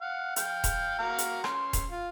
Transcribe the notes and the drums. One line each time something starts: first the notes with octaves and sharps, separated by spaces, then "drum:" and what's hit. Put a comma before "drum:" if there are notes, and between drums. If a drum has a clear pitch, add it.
F5 F#5
F5 G5, drum: hi-hat
drum: kick D#1, hi-hat
F#4 F5 A#5
drum: hi-hat
C#4 C6, drum: rim click
drum: kick D#1, hi-hat
F4